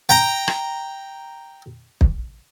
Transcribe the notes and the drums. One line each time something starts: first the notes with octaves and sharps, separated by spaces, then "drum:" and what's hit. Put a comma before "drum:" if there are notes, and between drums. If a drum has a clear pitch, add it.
G5 A#5
drum: rim click
drum: kick